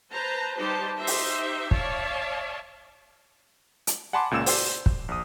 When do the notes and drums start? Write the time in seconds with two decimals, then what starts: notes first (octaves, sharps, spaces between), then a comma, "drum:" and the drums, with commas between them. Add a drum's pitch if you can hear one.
0.10 B4 C5 A5 A#5
0.58 G3 D#4 G4 B4 C5 A5
0.98 D#4 G4 C5 E5
1.07 drum: open hi-hat
1.71 C#5 D5 E5 F5 A5, drum: kick
3.87 drum: hi-hat
4.13 F#5 G#5 A5 B5 C6 D6
4.31 C#2 A#2 C#4 E6 E7
4.46 C5 D5 E6, drum: open hi-hat
4.86 drum: kick
5.08 A#1 D#6